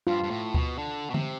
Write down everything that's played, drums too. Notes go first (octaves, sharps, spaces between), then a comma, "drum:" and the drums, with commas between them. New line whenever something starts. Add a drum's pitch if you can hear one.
G2 F4
G2
A2
B2, drum: kick D2
D3
B2
C3, drum: tom D3